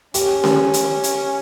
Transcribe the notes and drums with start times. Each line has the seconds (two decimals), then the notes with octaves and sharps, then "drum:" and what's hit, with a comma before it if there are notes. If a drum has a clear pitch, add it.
0.14 C#4 G4, drum: hi-hat
0.44 drum: snare C#4
0.74 drum: hi-hat
1.04 drum: hi-hat